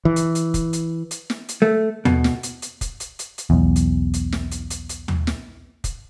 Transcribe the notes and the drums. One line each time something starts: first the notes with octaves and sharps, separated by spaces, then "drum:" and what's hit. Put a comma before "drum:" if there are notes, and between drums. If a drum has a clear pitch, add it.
E3
drum: hi-hat
drum: hi-hat
drum: kick, hi-hat
drum: hi-hat
drum: hi-hat
drum: snare
drum: hi-hat
A3
B2, drum: tom D#2
drum: snare
drum: hi-hat
drum: hi-hat
drum: kick, hi-hat
drum: hi-hat
drum: hi-hat
drum: hi-hat
B1 E2
drum: hi-hat
drum: hi-hat
drum: snare
drum: hi-hat
drum: hi-hat
drum: hi-hat
drum: tom D#2
drum: snare
drum: kick, hi-hat